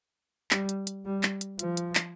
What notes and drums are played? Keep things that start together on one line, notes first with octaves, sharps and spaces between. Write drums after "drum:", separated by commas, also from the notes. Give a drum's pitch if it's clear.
G3, drum: clap
drum: hi-hat
drum: hi-hat
G3
drum: clap
drum: hi-hat
F3, drum: hi-hat
drum: hi-hat
drum: clap